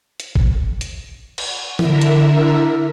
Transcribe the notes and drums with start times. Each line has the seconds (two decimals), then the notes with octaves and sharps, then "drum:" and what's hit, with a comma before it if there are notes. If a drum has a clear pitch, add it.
0.20 drum: hi-hat
0.35 drum: kick
0.81 drum: hi-hat
1.38 drum: cymbal
1.79 D3 E4 A#4 E5, drum: tom E3
2.01 drum: hi-hat